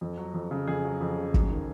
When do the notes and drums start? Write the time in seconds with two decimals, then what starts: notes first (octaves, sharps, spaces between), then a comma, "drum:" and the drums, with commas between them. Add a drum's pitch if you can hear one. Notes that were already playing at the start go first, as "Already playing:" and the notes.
0.01 F2
0.18 F#3
0.34 F2
0.51 C#3
0.67 F2 G#4
0.84 F#3
1.01 F2
1.18 C#3
1.34 F#3, drum: kick
1.50 D#3